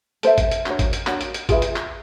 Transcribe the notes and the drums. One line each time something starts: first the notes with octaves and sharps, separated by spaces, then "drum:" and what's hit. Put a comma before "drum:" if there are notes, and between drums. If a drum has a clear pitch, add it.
A4 C5 E5, drum: hi-hat
drum: kick G#1, hi-hat
drum: hi-hat
D4 F#4 A#4 C#5, drum: clap
drum: kick G#1, hi-hat
drum: hi-hat
D4 F#4 A#4 C#5, drum: clap
drum: hi-hat
drum: hi-hat
F4 G#4 B4 E5, drum: kick G#1, hi-hat
drum: hi-hat
drum: clap